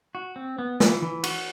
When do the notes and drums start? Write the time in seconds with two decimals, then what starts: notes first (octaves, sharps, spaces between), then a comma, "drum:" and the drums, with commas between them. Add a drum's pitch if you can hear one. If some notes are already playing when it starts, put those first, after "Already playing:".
0.15 F#4
0.36 C4
0.58 B3
0.80 E3, drum: snare
1.02 E3
1.23 F#4, drum: cymbal